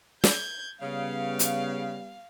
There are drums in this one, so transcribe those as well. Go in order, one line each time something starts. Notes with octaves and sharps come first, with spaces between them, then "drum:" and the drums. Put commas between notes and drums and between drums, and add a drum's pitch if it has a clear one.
G6 G#6, drum: snare
C#3 G3 B3 F5
drum: hi-hat